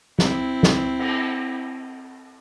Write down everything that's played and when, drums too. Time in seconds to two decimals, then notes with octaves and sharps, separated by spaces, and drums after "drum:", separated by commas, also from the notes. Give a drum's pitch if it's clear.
0.19 C4 E4, drum: snare
0.63 drum: snare
0.99 drum: cymbal